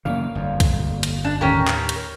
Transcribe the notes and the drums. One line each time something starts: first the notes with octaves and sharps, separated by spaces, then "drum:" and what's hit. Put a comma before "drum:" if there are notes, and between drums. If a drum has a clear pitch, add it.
F#2 C#3 E3 A#3 D5 F5
G1 F2
drum: kick, hi-hat
drum: hi-hat
D4
D#2 A2 D#3 C#4 G4 A#4
drum: clap
drum: hi-hat